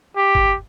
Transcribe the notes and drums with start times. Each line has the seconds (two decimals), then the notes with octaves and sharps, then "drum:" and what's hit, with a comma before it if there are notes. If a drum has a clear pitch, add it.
0.16 G4
0.35 drum: kick